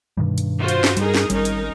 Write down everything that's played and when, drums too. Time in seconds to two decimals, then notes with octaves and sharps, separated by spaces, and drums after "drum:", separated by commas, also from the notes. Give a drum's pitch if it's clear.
0.17 G2 B2 D#3 G3
0.38 drum: hi-hat
0.59 F4 F#4 C5
0.68 drum: hi-hat
0.84 drum: snare
0.97 G3 D#4 G#4 A#4, drum: hi-hat
1.14 drum: snare
1.30 G#1 G3 C#4 D#4 A#4, drum: hi-hat
1.45 drum: hi-hat